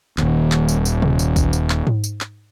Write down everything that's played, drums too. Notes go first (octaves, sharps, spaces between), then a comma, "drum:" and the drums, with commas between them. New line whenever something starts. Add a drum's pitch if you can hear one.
D#1 D#2, drum: clap
drum: clap
drum: tambourine
drum: tambourine
drum: tom C3
drum: tambourine
drum: kick, tambourine
drum: tambourine
drum: clap
drum: tom G#2
drum: tambourine
drum: clap